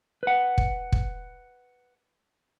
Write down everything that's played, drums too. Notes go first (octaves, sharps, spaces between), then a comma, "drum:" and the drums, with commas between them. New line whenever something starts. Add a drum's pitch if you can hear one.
B4 F#5
drum: kick
drum: kick